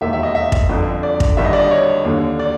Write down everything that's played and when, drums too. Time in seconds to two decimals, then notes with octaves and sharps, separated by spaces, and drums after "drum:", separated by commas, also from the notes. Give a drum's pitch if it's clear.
0.01 E1 D#2 D#3 E5
0.13 E5
0.23 D#5
0.35 E5
0.52 drum: kick
0.69 G1 F2 D3
1.03 D5
1.20 drum: kick
1.37 G1 G2 D#3 E5
1.45 D#5
1.53 D5
1.60 D#5
1.71 C#5
2.05 D#2 D3
2.39 D5